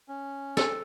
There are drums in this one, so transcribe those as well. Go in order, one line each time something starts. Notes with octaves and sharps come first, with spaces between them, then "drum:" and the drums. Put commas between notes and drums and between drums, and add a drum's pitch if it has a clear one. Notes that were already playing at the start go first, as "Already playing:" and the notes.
C#4
A4, drum: snare